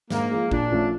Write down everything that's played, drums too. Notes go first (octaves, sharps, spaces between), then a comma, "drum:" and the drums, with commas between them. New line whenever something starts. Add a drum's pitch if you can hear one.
G#2 A#3, drum: snare
F3 G#3
A#2 D4, drum: kick A1
F3 A3 C#4 F4